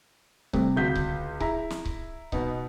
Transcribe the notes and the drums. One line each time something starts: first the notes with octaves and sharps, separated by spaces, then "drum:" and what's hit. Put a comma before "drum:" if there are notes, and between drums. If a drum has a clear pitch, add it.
C3 G3 A3 C4, drum: kick C#1
C#2 D3 F#4 G6 B6
drum: kick C#1
E4 G#4 A#5, drum: kick C#1
drum: snare
drum: kick C#1
B2 B3 D#4, drum: kick C#1